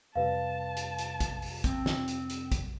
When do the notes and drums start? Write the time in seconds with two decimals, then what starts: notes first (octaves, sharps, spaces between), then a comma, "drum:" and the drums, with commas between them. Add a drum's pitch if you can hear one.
0.16 F2 C3 G3 B4 F5 A5
0.77 drum: hi-hat
0.99 drum: hi-hat
1.20 drum: kick, hi-hat
1.42 drum: open hi-hat
1.64 C4, drum: kick, hi-hat
1.86 drum: snare
2.08 drum: hi-hat
2.30 drum: hi-hat
2.52 drum: kick, hi-hat